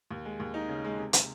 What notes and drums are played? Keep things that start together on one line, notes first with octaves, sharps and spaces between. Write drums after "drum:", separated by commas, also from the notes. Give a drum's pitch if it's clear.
D#2
G#3
D#2
D#4
C#3
G#3
C3
C3, drum: hi-hat